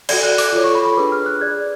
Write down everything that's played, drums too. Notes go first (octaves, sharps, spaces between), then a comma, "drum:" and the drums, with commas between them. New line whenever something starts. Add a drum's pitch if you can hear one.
F#4 A4 D5 G#6, drum: cymbal
F#6
D6, drum: open hi-hat
F4 A4 C#5 D6
C#6
B5
B5
D4 G#4 B4 D6
F6
F#6
G#4 D5 G#6